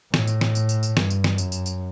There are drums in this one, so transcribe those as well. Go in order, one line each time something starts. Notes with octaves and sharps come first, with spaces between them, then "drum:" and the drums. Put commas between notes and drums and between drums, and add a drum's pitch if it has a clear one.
A2, drum: snare
drum: tambourine
drum: snare
drum: tambourine
drum: tambourine
drum: tambourine
G2, drum: snare
drum: tambourine
drum: snare
F#2, drum: tambourine
drum: tambourine
drum: tambourine